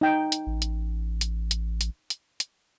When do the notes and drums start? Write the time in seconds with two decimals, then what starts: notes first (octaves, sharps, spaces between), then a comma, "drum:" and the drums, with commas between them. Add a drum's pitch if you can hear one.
0.01 D#4 G5
0.32 drum: hi-hat
0.47 A1
0.62 drum: hi-hat
1.21 drum: hi-hat
1.51 drum: hi-hat
1.81 drum: hi-hat
2.10 drum: hi-hat
2.40 drum: hi-hat